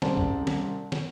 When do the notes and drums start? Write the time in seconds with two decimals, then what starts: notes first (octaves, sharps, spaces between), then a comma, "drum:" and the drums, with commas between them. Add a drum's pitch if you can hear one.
0.02 C2 C#3 C5 D5 A5, drum: snare
0.17 drum: kick
0.47 drum: snare
0.92 drum: snare